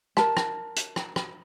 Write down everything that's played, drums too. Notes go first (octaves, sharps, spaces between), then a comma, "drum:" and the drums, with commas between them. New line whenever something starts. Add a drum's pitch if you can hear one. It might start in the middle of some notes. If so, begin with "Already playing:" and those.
A#4 A5, drum: rim click
drum: rim click
drum: hi-hat
drum: rim click
drum: rim click